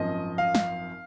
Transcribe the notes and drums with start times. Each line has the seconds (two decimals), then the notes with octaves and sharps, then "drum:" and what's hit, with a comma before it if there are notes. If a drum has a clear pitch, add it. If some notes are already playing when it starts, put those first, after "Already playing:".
Already playing: G#1 F#2 F3 D#5
0.38 F5
0.55 drum: snare